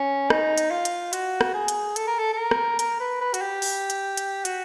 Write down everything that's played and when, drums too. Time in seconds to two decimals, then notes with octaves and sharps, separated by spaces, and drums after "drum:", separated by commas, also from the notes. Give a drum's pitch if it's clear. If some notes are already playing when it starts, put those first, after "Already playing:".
Already playing: C#4
0.30 D#4, drum: rim click
0.58 drum: hi-hat
0.71 F4
0.85 drum: hi-hat
1.13 F#4, drum: hi-hat
1.41 drum: rim click
1.54 G#4
1.68 drum: hi-hat
1.96 A4, drum: hi-hat
2.07 A#4
2.19 A4
2.33 A4
2.38 A#4
2.51 drum: rim click
2.79 A#4, drum: hi-hat
3.00 B4
3.21 B4
3.34 F#4, drum: hi-hat
3.41 G4
3.62 drum: open hi-hat
3.90 drum: hi-hat
4.17 drum: hi-hat
4.45 F#4, drum: hi-hat